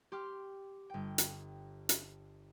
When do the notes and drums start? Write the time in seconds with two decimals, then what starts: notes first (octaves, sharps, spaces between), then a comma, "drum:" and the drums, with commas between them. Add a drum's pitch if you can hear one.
0.12 G4 C6 D6 F6
0.90 G1 G5
1.18 drum: hi-hat
1.89 drum: hi-hat